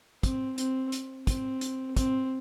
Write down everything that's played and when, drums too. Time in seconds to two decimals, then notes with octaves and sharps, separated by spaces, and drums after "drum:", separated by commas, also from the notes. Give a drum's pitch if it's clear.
0.23 C4, drum: kick, hi-hat
0.58 C4, drum: hi-hat
0.92 drum: hi-hat
1.27 C4, drum: kick, hi-hat
1.61 drum: hi-hat
1.97 C4, drum: kick, hi-hat